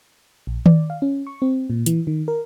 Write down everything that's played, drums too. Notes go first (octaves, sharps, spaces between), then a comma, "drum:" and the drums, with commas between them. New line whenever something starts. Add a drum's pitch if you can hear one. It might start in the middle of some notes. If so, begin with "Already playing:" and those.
A#1
D5, drum: tom D#3
F5
C#4
C#6
C4
A#2
E3, drum: hi-hat
D#3
A#4